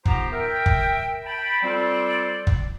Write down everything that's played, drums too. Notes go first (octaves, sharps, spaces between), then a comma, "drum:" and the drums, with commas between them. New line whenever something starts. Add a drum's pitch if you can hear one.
B3 D#4 F4 G4 C5 A#5, drum: kick
A#4 E5 G5
drum: kick
G5 A5 B5
G3 C4 F4 A4 C5 D5
drum: kick